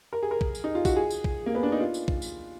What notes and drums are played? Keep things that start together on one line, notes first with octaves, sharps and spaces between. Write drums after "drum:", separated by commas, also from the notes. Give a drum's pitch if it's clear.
A#4
G#4
A#4
drum: kick
drum: tambourine
D#4
F4
F#4, drum: kick, tambourine
G#4
drum: tambourine
drum: kick
A#3
B3
D4
D#4
F4
drum: tambourine
drum: kick
drum: tambourine